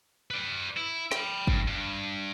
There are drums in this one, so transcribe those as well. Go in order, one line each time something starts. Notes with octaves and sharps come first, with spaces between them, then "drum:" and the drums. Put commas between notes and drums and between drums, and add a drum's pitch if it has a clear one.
B4 D5
E4
G5 B5, drum: snare
G2, drum: kick
G2